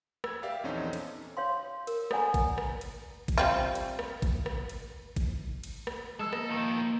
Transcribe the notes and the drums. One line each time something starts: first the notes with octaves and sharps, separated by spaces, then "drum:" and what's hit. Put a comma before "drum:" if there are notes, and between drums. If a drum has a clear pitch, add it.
E6 G#6, drum: rim click
G4 D5 E5 F5 E6
A#1 E2 C4 C#4 D#4 A4
drum: cymbal
C#5 F5 C6
A#4, drum: cymbal
A4 C#5 D5 F#5 G#5 A#5, drum: rim click
drum: kick G#1, cymbal
drum: rim click
drum: cymbal
drum: kick G#1, cymbal
G3 C4 F4
drum: cymbal
drum: rim click
drum: kick G#1, cymbal
drum: rim click
drum: cymbal
drum: kick G#1, cymbal
drum: cymbal
drum: rim click
G#3 A4 E6
A#3 D#5, drum: rim click
D#3 F3